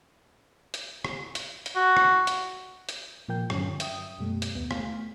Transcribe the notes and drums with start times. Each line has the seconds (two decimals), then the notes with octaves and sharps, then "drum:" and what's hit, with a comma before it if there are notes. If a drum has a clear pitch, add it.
0.74 drum: hi-hat
1.05 drum: rim click
1.35 drum: hi-hat
1.66 drum: hi-hat
1.76 F#4
1.97 drum: rim click
2.27 drum: hi-hat
2.89 drum: hi-hat
3.28 A#2 F3 A#4 G5 G6
3.50 G2 D3 F#3 C#4, drum: rim click
3.80 E5 G5 D#6, drum: hi-hat
4.19 F#2 B2 G3 A3
4.42 drum: hi-hat
4.55 D#2 B3
4.71 A3 F5, drum: rim click